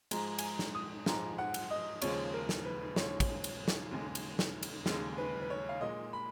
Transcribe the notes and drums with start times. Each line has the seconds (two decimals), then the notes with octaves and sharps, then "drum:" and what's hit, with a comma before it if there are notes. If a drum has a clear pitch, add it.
0.11 G#2 F3 G#3 A#5, drum: cymbal
0.38 G#5, drum: cymbal
0.43 A#5
0.59 drum: snare
0.75 D#6
1.06 G#2 F3 G#3 A#5, drum: snare
1.38 F#5
1.54 drum: cymbal
1.71 D#5
2.02 D#2 C#3 F3 G#3 C#5, drum: cymbal
2.34 A#4
2.49 drum: snare
2.65 B4
2.96 D#2 C#3 F3 G#3 C#5, drum: snare
3.20 drum: kick, cymbal
3.44 drum: cymbal
3.68 drum: snare
3.91 D#2 C#3 G#3
4.15 drum: cymbal
4.39 drum: snare
4.63 drum: cymbal
4.86 D#2 C#3 G#3, drum: snare
5.18 B4
5.41 B4
5.50 C#5
5.69 F5
5.81 A#2 G#3 D#5
6.13 B5